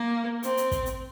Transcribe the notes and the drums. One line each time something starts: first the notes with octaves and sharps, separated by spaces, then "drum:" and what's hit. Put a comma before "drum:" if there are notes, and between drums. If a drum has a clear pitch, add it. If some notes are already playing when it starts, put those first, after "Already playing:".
Already playing: A#3
C4, drum: hi-hat
drum: hi-hat
drum: kick, hi-hat
drum: hi-hat